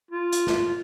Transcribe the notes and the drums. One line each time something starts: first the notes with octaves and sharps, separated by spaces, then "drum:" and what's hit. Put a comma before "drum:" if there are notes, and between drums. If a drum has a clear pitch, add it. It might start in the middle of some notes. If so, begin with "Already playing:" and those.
F4
drum: hi-hat
drum: snare